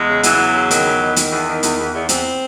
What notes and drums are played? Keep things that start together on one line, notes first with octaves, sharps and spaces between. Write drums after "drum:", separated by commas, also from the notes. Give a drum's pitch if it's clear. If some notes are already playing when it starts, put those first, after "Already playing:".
Already playing: E2 G#3
C#3
E3 F#3, drum: hi-hat
E2
C#3
D#3, drum: hi-hat
E2
D#3
D#3, drum: hi-hat
E2
D#3
E2, drum: hi-hat
E2
E2
E2 C4, drum: hi-hat